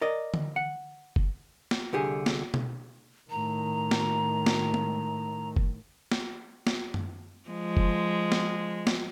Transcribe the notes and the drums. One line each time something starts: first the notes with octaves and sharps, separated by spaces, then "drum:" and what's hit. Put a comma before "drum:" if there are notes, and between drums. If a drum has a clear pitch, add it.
A#4 D5 D#5
drum: tom D3
F#5
drum: kick F#1
drum: snare
C2 D3 G4 G#4
drum: snare
drum: tom B2
A2 D#3 A#5
drum: snare
drum: snare
drum: tom G#3
drum: kick F#1
drum: snare
drum: snare
drum: tom F#2
F3 G#3
drum: kick F#1
drum: snare
drum: snare